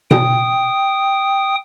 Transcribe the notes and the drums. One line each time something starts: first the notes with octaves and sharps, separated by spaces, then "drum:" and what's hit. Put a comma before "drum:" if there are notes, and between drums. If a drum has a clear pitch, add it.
G5 D#6, drum: tom B2